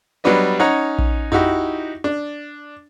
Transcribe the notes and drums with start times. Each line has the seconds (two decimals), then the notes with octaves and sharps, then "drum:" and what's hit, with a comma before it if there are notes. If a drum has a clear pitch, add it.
0.24 F#3 G3 B3 D4 B4 D#5
0.59 C#4 D#4 C#5 F#5 A#5
0.99 drum: kick A#1
1.32 D#4 E4 F#4 G4, drum: tom F2
2.04 D4